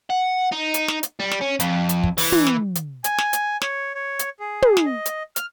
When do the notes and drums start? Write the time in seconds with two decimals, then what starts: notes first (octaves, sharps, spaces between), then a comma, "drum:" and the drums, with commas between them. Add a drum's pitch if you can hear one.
0.10 F#5
0.52 D#4
0.74 drum: hi-hat
0.88 drum: snare
1.03 drum: hi-hat
1.19 G3
1.32 drum: snare
1.41 C#4
1.60 F2, drum: hi-hat
1.89 drum: hi-hat
2.03 drum: kick
2.18 E3, drum: open hi-hat
2.32 drum: tom
2.47 drum: snare
2.75 drum: hi-hat
3.04 G#5, drum: hi-hat
3.19 drum: snare
3.33 drum: hi-hat
3.62 C#5, drum: snare
3.95 C#5
4.19 drum: hi-hat
4.40 G#4
4.62 drum: tom
4.77 drum: snare
4.86 D#5
5.06 drum: hi-hat
5.36 F6, drum: hi-hat